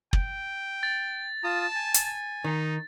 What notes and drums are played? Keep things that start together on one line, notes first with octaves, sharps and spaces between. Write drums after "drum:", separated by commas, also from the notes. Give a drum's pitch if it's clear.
G5, drum: kick
A6
F4 A5 D#6
G#5
drum: hi-hat
D#3 D#4